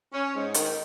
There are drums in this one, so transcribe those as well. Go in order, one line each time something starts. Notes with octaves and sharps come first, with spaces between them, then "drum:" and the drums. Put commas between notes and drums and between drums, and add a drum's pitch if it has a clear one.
C#4
G#2
D#3, drum: hi-hat